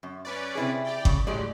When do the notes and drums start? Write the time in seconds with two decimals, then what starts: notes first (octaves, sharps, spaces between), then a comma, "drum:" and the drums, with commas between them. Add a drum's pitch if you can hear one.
0.03 F#2
0.25 C#4 B4 D5
0.55 C3 E4 G#4
0.85 G4 D5 G5
1.05 C#3, drum: kick G1
1.27 A2 F#3 G#3 G4 D5